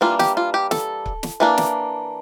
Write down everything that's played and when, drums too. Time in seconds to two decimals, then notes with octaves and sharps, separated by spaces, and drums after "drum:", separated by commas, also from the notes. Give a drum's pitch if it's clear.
0.01 E3 G3 A#3 D4 F4
0.19 G4, drum: snare
0.37 F4
0.54 G4
0.71 A4, drum: snare
1.06 drum: kick C#1
1.23 drum: snare
1.40 E3 A#3 D4
1.58 drum: snare